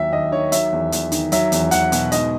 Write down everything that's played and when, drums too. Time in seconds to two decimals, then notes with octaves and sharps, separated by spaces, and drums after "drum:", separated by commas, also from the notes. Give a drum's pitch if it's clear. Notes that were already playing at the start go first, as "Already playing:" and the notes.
Already playing: D#2 F#3 E5
0.12 D#2 D#5
0.32 D#3 C#5
0.52 F#3 E5, drum: hi-hat
0.73 E2
0.92 E2, drum: hi-hat
1.12 D#3, drum: hi-hat
1.32 F#3 E5, drum: hi-hat
1.52 E2, drum: hi-hat
1.71 E2 F#5, drum: hi-hat
1.92 B2, drum: hi-hat
2.12 G#2 D#5, drum: hi-hat